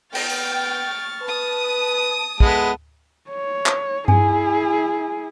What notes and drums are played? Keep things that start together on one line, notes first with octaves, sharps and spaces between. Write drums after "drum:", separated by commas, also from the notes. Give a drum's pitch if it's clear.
B3 G5 C#6 F6 A6, drum: cymbal
drum: open hi-hat
B4 A5 D#6
G#3 B3 E4 A4, drum: kick
C#5
drum: clap
E4 G#4 G#5, drum: tom G2